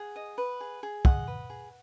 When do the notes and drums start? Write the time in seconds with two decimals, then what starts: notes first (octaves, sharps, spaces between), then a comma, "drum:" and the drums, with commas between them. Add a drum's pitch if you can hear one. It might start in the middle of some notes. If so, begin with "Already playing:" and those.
Already playing: G#4 F#5
0.16 D#5
0.38 B4
0.60 G#4
0.83 G#4
1.05 D#5 F#5, drum: kick
1.27 B4
1.50 G#4